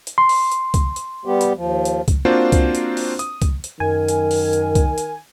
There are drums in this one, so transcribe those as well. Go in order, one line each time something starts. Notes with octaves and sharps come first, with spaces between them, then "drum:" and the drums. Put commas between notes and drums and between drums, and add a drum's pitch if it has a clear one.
drum: hi-hat
C6
drum: open hi-hat
drum: hi-hat
drum: kick C#2, hi-hat
drum: hi-hat
G3 B3 G4
drum: hi-hat
D#2 F3
drum: hi-hat
drum: kick C#2, hi-hat
A#3 C4 D4 F4 F#4 C5
drum: kick C#2, hi-hat
drum: hi-hat
drum: open hi-hat
D#6, drum: hi-hat
drum: kick C#2, hi-hat
drum: hi-hat
F#2 D#3 A#4 G#5
drum: hi-hat
drum: open hi-hat
drum: hi-hat
drum: kick C#2, hi-hat
drum: hi-hat